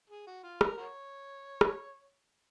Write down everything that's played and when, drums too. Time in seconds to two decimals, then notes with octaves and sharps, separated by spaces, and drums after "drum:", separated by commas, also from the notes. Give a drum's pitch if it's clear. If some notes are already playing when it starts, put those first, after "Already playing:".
0.10 G#4
0.27 F#4
0.44 F4
0.61 A#4, drum: rim click
0.78 F#4 A#4 C#5
1.61 drum: rim click